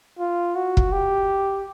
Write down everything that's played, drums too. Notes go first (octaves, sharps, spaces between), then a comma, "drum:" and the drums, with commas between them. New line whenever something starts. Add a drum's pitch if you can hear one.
F4
F#4
drum: kick
G4